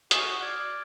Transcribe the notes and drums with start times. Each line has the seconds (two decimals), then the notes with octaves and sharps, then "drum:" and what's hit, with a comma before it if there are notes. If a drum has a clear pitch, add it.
0.11 F#4 G#5 D#6 F#6 G6, drum: hi-hat
0.41 D5 F6 G#6